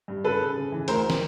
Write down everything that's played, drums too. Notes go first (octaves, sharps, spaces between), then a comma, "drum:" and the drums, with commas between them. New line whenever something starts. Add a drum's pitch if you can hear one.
G2
C#3 A4 B4
C#3
C#3
E3
D2 A#4 C5, drum: hi-hat
drum: snare